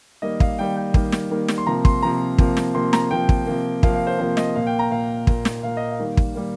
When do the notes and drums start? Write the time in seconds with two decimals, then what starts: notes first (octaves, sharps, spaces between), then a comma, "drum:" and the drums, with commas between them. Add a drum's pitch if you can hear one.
0.22 D#3 G3 A#3 D#5
0.40 F5, drum: kick
0.58 D#3 G3 A#3 G5
0.76 G5
0.94 D#3 G3 A#3, drum: kick
1.12 drum: snare
1.31 D#3 G3 A#3
1.48 drum: snare
1.58 C6
1.67 C3 F3 A#3 A#5
1.85 C6, drum: kick
2.03 C3 F3 A#3 A#5
2.38 C3 F3 A#3, drum: kick
2.57 drum: snare
2.75 C3 F3 A#3 C6
2.93 A#5, drum: snare
3.11 C3 F3 A#3 G5
3.29 drum: kick
3.47 C3 F3 A#3
3.83 C3 F3 A#3 F5, drum: kick
3.95 F5
4.07 C5
4.19 C3 F3 A#3 C5
4.37 D#5, drum: snare
4.55 A#2 A#3 F5
4.67 G5
4.79 A#5
4.91 A#2 A#3 F5
5.27 A#2 A#3, drum: kick
5.45 drum: snare
5.63 A#2 A#3 F5
5.77 D#5
5.91 F5
5.99 D#3 G3 A#3
6.17 drum: kick
6.35 D#3 G3 A#3